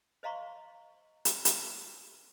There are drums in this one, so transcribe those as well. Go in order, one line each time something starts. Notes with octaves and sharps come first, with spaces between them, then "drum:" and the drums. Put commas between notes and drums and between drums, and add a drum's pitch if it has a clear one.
C5 D#5 F5 A#5 C6 C#6
drum: hi-hat
drum: hi-hat